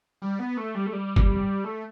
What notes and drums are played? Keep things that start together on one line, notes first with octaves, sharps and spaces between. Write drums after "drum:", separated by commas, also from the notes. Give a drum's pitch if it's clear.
G3
B3
A3
G3
A3
G3
drum: kick
A3